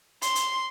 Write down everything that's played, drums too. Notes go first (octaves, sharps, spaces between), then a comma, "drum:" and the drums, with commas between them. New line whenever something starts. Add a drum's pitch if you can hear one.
C6, drum: hi-hat
drum: hi-hat